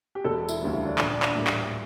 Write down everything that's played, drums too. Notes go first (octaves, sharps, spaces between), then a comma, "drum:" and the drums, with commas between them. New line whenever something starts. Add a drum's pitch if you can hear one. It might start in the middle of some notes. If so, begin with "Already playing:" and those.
G4
E1 A4
E4, drum: tambourine
D2 C#3 G3 A#3
E4
D4
A#1, drum: clap
D4
drum: clap
A2 E3 G3 A#3
drum: clap